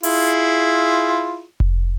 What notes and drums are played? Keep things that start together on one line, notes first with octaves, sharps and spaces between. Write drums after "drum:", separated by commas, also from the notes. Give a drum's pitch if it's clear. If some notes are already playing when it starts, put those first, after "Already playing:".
E4 F4 G#4, drum: open hi-hat
drum: kick F1